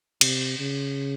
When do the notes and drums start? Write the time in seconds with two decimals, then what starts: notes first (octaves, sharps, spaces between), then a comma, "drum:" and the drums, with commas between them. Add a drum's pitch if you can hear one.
0.21 C3, drum: cymbal
0.59 C#3